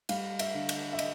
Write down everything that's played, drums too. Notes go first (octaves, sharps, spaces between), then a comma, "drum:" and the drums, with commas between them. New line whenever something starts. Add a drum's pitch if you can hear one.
G3 F5, drum: cymbal
E5, drum: cymbal
D3
drum: cymbal
E5
D3 D#5, drum: cymbal